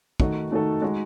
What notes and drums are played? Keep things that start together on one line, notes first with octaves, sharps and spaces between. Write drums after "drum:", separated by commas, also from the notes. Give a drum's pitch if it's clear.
D#3 A3 D#4 F#4 A4, drum: kick
D#3 A3 D#4 F#4 A4
G#3 D#4 F#4